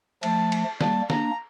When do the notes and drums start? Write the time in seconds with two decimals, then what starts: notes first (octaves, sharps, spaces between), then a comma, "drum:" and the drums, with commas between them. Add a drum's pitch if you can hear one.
0.23 F3 A3 A5, drum: cymbal
0.52 drum: cymbal
0.81 G3 A#3 A5, drum: snare
1.10 A#3 D4 A#5, drum: snare